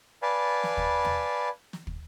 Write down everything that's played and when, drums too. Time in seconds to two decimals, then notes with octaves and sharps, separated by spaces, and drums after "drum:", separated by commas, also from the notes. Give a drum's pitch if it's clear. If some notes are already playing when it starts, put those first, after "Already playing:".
0.22 B4 D5 F5 G#5 A5 B5
0.63 drum: snare
0.77 drum: kick
1.05 drum: tom
1.73 drum: snare
1.87 drum: kick